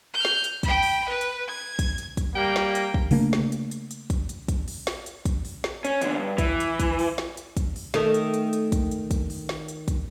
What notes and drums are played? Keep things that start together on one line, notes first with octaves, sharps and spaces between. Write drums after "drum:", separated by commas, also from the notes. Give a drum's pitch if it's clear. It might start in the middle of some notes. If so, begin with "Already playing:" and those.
F6 G6
drum: snare
drum: hi-hat
G5 B5, drum: kick, hi-hat
drum: open hi-hat
B4
drum: hi-hat
G#6
drum: kick, hi-hat
drum: hi-hat
drum: kick, hi-hat
G3 A#3 G5
drum: snare
drum: hi-hat
drum: kick
C#3 A3 A#3 D4, drum: open hi-hat
drum: snare
drum: hi-hat
drum: hi-hat
drum: hi-hat
drum: kick, hi-hat
drum: hi-hat
drum: kick, hi-hat
drum: open hi-hat
drum: snare
drum: hi-hat
drum: kick, hi-hat
drum: open hi-hat
drum: snare
C#4, drum: hi-hat
E2 D3, drum: hi-hat
G2
E3, drum: kick, hi-hat
drum: hi-hat
drum: kick, hi-hat
drum: open hi-hat
drum: snare
drum: hi-hat
drum: kick, hi-hat
drum: open hi-hat
D#3 A3, drum: snare
drum: hi-hat
drum: hi-hat
drum: hi-hat
drum: kick, hi-hat
drum: hi-hat
drum: kick, hi-hat
drum: open hi-hat
drum: snare
drum: hi-hat
drum: kick, hi-hat